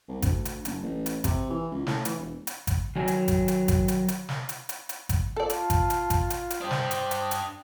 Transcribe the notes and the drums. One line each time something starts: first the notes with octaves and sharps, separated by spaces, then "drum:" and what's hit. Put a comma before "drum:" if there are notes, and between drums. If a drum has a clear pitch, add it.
C2
D2, drum: kick G#1, hi-hat
drum: hi-hat
F#1, drum: hi-hat
A1
drum: hi-hat
C3, drum: kick G#1, hi-hat
E3
C#2
A2, drum: snare
E3, drum: hi-hat
E1
drum: hi-hat
drum: kick G#1, hi-hat
D#3 F#3 G#5
drum: hi-hat
drum: kick G#1, hi-hat
drum: hi-hat
drum: kick G#1, hi-hat
drum: hi-hat
drum: hi-hat
drum: snare
drum: hi-hat
drum: hi-hat
drum: hi-hat
drum: kick G#1, hi-hat
F4 A4 D5 A5
drum: hi-hat
drum: kick G#1, hi-hat
drum: hi-hat
drum: kick G#1, hi-hat
drum: hi-hat
drum: hi-hat
D4 G4 C5 D#6
drum: snare
drum: hi-hat
drum: hi-hat
drum: hi-hat